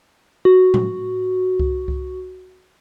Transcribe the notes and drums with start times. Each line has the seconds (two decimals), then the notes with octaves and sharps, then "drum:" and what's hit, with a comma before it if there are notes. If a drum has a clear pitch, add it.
0.45 F#4
0.74 drum: tom
1.60 drum: kick C2
1.88 drum: kick C2